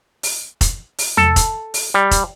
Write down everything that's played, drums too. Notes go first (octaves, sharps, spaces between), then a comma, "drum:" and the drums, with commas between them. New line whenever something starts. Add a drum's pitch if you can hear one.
drum: open hi-hat
drum: kick F1, hi-hat
drum: open hi-hat
A4, drum: tom E2
drum: kick F1, hi-hat
drum: open hi-hat
G3
drum: kick F1, hi-hat